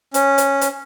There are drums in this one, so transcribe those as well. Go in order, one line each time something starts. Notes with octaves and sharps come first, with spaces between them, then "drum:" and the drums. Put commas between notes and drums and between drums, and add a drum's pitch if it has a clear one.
C#4, drum: hi-hat
drum: hi-hat
drum: hi-hat